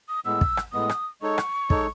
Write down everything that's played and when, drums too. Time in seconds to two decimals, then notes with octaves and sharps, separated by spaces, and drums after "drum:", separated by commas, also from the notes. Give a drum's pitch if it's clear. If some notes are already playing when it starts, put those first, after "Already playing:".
0.09 D#6
0.25 A2 G#3 B3 E6
0.41 drum: kick
0.57 drum: rim click
0.73 A2 G#3 B3 D#6
0.89 drum: rim click
1.22 G#3 D#4 A4 C#5 C#6
1.38 drum: rim click
1.70 G#3 D#4 A4 C#5, drum: kick